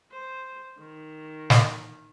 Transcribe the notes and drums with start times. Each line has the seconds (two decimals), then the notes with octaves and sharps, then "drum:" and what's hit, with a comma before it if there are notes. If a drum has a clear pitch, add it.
0.12 C5
0.80 D#3
1.50 drum: snare